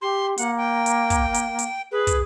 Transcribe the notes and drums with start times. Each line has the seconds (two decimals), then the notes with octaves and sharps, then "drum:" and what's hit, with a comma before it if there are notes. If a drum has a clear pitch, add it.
0.02 G4 C6
0.38 A#3 F#5, drum: hi-hat
0.57 G5
0.86 drum: hi-hat
1.10 drum: kick, hi-hat
1.34 drum: hi-hat
1.59 drum: hi-hat
1.92 G#4 B4
2.07 drum: kick, hi-hat